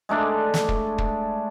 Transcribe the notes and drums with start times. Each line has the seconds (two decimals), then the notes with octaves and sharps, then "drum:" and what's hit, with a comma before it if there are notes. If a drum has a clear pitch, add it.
0.09 G#3 A3 D4 D5
0.54 drum: snare
0.69 drum: kick
0.98 drum: kick